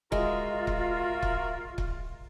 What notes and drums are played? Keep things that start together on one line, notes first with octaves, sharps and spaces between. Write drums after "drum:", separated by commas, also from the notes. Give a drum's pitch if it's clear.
G#3 F4 F#4 A#4 E5, drum: kick C#1
drum: kick C#1
drum: kick C#1
drum: kick C#1